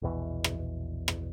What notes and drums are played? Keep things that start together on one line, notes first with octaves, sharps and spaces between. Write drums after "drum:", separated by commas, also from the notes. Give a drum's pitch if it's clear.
A#1 E2 B2 E3
drum: rim click
drum: rim click